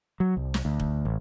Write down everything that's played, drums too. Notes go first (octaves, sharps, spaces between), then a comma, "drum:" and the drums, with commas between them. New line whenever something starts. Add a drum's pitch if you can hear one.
F#3
C2
drum: snare
D2
drum: kick
A1